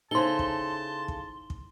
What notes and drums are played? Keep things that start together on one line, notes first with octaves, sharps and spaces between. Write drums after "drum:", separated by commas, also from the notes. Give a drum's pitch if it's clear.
C#3 D#4 E4 A4 C5 A5 C6 G7
drum: kick
drum: kick
drum: kick